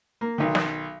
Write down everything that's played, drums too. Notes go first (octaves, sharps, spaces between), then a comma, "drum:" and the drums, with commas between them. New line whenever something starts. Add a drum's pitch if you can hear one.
A#3
B1 D#3
drum: snare